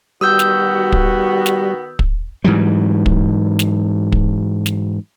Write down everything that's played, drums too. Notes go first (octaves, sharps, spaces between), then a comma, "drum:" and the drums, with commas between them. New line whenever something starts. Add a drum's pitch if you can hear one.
D#3 G3 B3 F#4 D#6 E6 G6
drum: snare
drum: kick
drum: snare
drum: kick
G#2 E3 F#3 G3
drum: kick
drum: snare
drum: kick
drum: snare